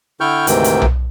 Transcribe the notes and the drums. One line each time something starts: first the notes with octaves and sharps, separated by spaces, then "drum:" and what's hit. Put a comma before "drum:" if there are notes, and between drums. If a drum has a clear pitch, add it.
D3 E4 G5 C#6 F6 G6
D2 G#2 C3 D#3 E3 G5, drum: hi-hat
drum: hi-hat
drum: tom B1